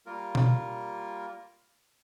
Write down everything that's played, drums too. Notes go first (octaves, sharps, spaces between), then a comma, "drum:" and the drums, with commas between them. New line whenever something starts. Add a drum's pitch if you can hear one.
G3 A#3 F4 A#4
drum: tom B2